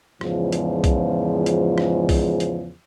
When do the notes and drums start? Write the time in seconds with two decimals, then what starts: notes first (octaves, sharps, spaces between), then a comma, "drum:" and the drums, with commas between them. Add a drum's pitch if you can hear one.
0.21 E2 G#2 C#3 F3, drum: rim click
0.53 drum: hi-hat
0.84 drum: kick B1, hi-hat
1.46 drum: hi-hat
1.78 drum: rim click
2.09 drum: kick B1, open hi-hat
2.40 drum: hi-hat